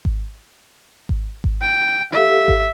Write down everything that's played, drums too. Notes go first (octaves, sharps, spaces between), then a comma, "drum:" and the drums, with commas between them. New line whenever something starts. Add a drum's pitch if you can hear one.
drum: kick G#1
drum: kick G#1
drum: kick G#1
G5
G4 A4 E5 F5
drum: kick G#1